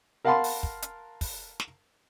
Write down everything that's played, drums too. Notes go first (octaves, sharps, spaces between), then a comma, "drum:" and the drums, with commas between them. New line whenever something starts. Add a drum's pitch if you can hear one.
A#4 F5 F#5 A5 B5 C6
drum: open hi-hat
drum: kick
drum: hi-hat
drum: kick, open hi-hat
drum: snare